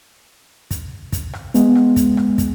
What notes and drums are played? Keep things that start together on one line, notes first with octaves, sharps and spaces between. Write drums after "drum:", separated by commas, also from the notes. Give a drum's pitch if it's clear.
drum: kick, hi-hat
drum: kick, hi-hat
drum: rim click
G#3 B3, drum: hi-hat
drum: rim click
drum: kick, hi-hat
drum: rim click
drum: kick, hi-hat